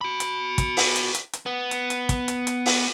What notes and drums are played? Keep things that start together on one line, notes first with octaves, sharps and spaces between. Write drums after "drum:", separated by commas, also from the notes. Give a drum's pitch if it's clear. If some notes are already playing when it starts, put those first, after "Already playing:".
F#4 B5
drum: hi-hat
drum: kick, hi-hat
drum: open hi-hat
drum: hi-hat
drum: hi-hat
drum: hi-hat
B3
drum: hi-hat
drum: hi-hat
drum: kick, hi-hat
drum: hi-hat
drum: hi-hat
drum: open hi-hat